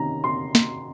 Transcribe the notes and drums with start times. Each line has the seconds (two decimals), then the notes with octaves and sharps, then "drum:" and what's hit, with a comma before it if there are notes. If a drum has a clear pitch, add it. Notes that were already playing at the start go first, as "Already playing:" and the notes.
Already playing: C3 D#3 A#3 C#4 A#5
0.24 C6
0.55 drum: snare